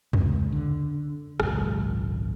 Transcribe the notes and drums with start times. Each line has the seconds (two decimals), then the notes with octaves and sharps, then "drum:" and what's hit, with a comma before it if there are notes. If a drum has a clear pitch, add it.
0.13 C#2, drum: tom E2
0.52 D3
1.40 G#1 C#2 F#2 A#2, drum: rim click